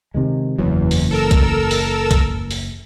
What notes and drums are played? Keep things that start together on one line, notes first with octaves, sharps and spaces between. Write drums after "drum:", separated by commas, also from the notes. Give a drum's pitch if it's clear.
C3 D#3 G#3
F#1 E2 E3 F#3
drum: open hi-hat
A4 A#4 E6
drum: kick B1, hi-hat
drum: open hi-hat
drum: kick B1, hi-hat
drum: open hi-hat